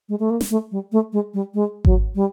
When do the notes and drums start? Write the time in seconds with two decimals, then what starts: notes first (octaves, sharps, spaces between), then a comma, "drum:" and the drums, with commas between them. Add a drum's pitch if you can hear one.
0.09 G#3
0.19 A3
0.30 A#3
0.41 drum: snare
0.50 A3
0.72 G3
0.92 A3
1.13 G#3
1.34 G3
1.54 G#3
1.85 F#3, drum: kick G#1
2.15 G3